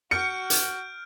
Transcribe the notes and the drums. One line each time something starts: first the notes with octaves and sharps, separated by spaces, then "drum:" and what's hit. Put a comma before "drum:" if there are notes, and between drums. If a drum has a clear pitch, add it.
F#4 F6 G6 C#7 D7
drum: hi-hat